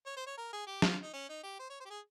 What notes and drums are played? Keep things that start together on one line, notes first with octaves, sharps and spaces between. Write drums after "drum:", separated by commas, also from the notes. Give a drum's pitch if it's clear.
C#5
C5
C#5
A#4
G#4
G4
F4, drum: snare
D#4
C#4
D#4
G4
C5
C#5
C5
G4
G#4